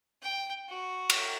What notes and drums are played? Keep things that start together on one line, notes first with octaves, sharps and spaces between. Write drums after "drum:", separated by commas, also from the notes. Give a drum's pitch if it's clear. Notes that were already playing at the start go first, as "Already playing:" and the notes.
G5
F#4
drum: cymbal